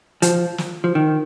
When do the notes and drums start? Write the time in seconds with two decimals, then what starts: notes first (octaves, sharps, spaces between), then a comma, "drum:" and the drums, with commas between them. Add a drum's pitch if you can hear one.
0.22 F3, drum: hi-hat
0.58 drum: snare
0.84 F3
0.95 D#3